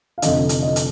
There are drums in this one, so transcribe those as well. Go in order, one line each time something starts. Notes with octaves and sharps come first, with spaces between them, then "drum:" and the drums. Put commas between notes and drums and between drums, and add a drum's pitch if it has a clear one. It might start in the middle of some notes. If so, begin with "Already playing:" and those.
F5
F1 F2 D3 D#5, drum: hi-hat
drum: hi-hat
D#5
drum: hi-hat